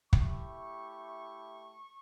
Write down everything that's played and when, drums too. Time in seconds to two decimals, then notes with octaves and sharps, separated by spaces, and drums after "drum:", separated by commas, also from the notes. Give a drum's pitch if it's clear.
0.13 A3 E4 G4 C#6, drum: kick